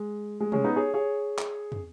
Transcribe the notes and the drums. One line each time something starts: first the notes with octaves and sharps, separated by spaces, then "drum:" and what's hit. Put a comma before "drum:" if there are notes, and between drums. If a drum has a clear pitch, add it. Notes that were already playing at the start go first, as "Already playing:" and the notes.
Already playing: G#3
G#3
G#3 C#4, drum: tom B2
B3 D#4
G#4 C#5
G#4 C#5
drum: clap
drum: tom